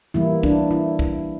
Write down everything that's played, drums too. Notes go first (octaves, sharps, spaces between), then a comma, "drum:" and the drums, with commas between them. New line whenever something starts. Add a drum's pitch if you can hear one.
E3 G3 A#3 E4
D4, drum: kick A#1
E4
drum: kick A#1